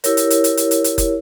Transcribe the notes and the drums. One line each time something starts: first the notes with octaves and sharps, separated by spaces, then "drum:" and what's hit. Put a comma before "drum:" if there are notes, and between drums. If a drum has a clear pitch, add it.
E4 G4 A#4 C#5, drum: hi-hat
drum: hi-hat
drum: hi-hat
drum: hi-hat
drum: hi-hat
drum: hi-hat
drum: hi-hat
drum: kick F#1, hi-hat